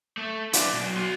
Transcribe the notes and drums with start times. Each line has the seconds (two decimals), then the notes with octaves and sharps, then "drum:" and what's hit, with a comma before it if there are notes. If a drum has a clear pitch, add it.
0.17 A3
0.53 E4 D5, drum: hi-hat
0.72 B2 F#3
0.96 F#4 C6